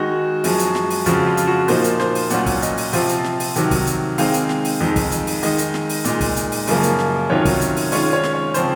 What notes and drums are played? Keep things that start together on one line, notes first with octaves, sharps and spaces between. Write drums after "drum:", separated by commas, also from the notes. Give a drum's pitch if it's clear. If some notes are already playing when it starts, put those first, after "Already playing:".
Already playing: D#3 G#3 D#4 F#4
F#2 F3 G#3, drum: open hi-hat
drum: hi-hat
drum: snare
drum: open hi-hat
F2 C#3 F3 F#4, drum: hi-hat
F4
drum: hi-hat
F#4
A#2 F3 A#3 D#4 C5, drum: open hi-hat
drum: hi-hat
C5, drum: snare
drum: open hi-hat
A#2 F#3 C#4 F4 F#5, drum: hi-hat
drum: kick, open hi-hat
D#5, drum: hi-hat
drum: open hi-hat
C3 F3 C4 F4, drum: open hi-hat
drum: hi-hat
drum: snare
drum: open hi-hat
C3 D#3 F#3, drum: hi-hat
drum: kick, open hi-hat
drum: hi-hat
D#3 G#3 C4 D#4 F5, drum: open hi-hat
drum: hi-hat
drum: snare
drum: open hi-hat
F2 D#3 G#3 D#4
drum: kick, open hi-hat
drum: hi-hat
drum: open hi-hat
D#3 G#3 D#4 D#5, drum: open hi-hat
drum: hi-hat
drum: snare
drum: open hi-hat
A#2 G#3 D#4, drum: hi-hat
drum: kick, open hi-hat
drum: hi-hat
drum: open hi-hat
F#2 C#3 F3 A#3, drum: open hi-hat
drum: hi-hat
drum: snare
C3 D#3 F#3 C#4 F4 C#5
drum: kick, open hi-hat
drum: hi-hat
drum: open hi-hat
D#3 G#3 C#4 F4 C#5, drum: open hi-hat
C#5
drum: snare
C#5
C#3 F3 C4 C5, drum: hi-hat